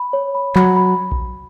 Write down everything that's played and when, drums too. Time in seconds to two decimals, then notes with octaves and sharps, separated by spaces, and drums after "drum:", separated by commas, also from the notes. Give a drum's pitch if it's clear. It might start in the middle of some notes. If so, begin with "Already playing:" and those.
Already playing: B5
0.13 C#5
0.35 B5
0.56 F#3 B5, drum: clap
0.76 B5
1.12 drum: kick A#1